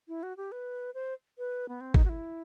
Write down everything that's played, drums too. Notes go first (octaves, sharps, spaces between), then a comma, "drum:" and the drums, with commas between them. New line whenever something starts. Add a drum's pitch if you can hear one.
E4
F#4
G4
B4
C5
B4
B3
C4
D#4, drum: kick G#1
F#4
E4